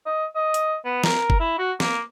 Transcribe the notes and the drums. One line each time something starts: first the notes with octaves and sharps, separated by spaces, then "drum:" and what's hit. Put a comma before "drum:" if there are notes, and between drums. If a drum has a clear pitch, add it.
D#5
D#5
drum: hi-hat
B3
A#4, drum: snare
drum: kick F#1
E4
F#4
A#3, drum: snare